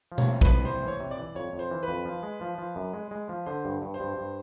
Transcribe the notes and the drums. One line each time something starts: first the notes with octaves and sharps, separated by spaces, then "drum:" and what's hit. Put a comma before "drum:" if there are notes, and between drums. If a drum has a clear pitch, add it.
F3
C#5, drum: tom B2
C3
B4, drum: kick
C2
C3 C5
E3
C#5
C3
D5
E3
F2 C#5
F2
C5
E3
B4
F2
F3
G#3
F3
F3
F#2
G#3
G#3
F3
D3 C5
G2
G2
C5
G2
G2